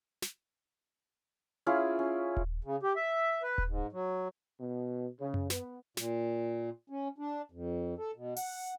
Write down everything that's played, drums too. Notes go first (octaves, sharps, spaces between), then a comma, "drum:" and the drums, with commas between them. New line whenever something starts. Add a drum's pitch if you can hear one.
drum: snare
C#4 E4 F4 G#4
C#4
drum: kick D#1
C#3
G4
E5
B4
drum: kick D#1
G#2
F#3
B2
C#3
drum: tom F#2
B3, drum: snare
A#2, drum: snare
C#4
D4
F2
A4
B2
F#5, drum: open hi-hat